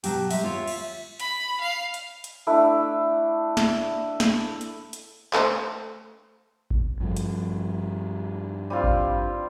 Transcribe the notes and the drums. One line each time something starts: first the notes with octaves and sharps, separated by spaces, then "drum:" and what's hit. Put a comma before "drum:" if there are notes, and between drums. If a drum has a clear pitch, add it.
B2 F#3 G4 A5, drum: open hi-hat
G#3 G4 E5, drum: open hi-hat
D#2 F4 C#5
drum: cymbal
B5, drum: hi-hat
F5
drum: hi-hat
drum: hi-hat
A3 D4 E4
drum: snare
drum: snare
drum: hi-hat
drum: hi-hat
A3 C5, drum: clap
drum: kick G#1
G2 F3
drum: hi-hat
G3 C4 F4
drum: kick G#1